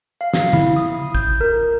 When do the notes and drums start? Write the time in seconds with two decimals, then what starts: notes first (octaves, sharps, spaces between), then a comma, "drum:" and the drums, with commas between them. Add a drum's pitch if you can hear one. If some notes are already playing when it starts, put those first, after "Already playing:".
0.21 F5
0.34 drum: snare
0.53 E4, drum: tom
0.76 D#6
1.15 G6, drum: kick
1.41 A#4